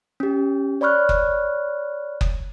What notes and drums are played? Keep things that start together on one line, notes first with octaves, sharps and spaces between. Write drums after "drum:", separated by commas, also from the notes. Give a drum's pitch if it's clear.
C#4 G4
C#5 D5 B5 C#6 F6 F#6
drum: kick F#1
drum: kick F#1